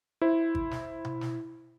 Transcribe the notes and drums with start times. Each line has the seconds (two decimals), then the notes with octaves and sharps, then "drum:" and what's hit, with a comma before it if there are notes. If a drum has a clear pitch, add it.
0.22 E4 C5
0.55 drum: kick G#1
0.71 drum: snare
1.05 drum: tom B2
1.21 drum: snare